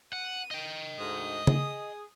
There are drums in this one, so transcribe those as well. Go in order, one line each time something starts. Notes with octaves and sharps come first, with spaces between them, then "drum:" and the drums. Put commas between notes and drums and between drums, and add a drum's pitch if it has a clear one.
F#5 D#7
D#5 G5
D2 G#2 D#6
G#4, drum: tom C#3